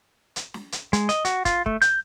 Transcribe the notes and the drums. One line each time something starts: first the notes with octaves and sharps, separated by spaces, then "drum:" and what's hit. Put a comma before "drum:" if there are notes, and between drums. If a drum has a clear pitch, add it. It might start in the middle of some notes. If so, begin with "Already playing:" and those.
drum: hi-hat
drum: snare
drum: hi-hat
G#3, drum: hi-hat
D#5, drum: hi-hat
F#4, drum: hi-hat
F4, drum: kick, hi-hat
A3, drum: kick
G6, drum: hi-hat